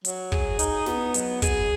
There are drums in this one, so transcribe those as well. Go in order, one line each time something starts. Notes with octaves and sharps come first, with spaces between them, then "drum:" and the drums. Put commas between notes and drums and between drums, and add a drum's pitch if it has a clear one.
F#3, drum: hi-hat
G#4, drum: kick
D#4, drum: hi-hat
B3, drum: snare
F#3, drum: hi-hat
G#4, drum: kick, hi-hat